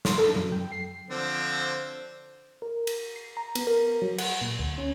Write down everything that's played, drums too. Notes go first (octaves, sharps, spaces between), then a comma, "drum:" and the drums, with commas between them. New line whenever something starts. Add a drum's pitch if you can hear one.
C6, drum: snare
A4
F#2
G5
C7
D3 F3 C4 C5
A#4
drum: cymbal
C7
A#5
B3, drum: cymbal
A#4
F#3
F#5, drum: cymbal
A#2
D2
C#4